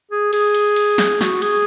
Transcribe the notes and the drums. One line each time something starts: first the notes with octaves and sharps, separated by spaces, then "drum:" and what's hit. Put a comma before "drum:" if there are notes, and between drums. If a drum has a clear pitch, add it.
G#4
G#4, drum: cymbal
drum: cymbal
drum: cymbal
drum: snare
F#4, drum: snare
G#4, drum: cymbal